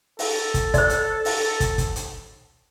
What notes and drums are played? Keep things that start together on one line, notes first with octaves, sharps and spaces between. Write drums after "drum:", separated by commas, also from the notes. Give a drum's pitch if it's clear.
A4, drum: open hi-hat
drum: kick, hi-hat
C5 D5, drum: kick, hi-hat
drum: hi-hat
drum: open hi-hat
drum: kick, hi-hat
drum: kick, hi-hat
drum: hi-hat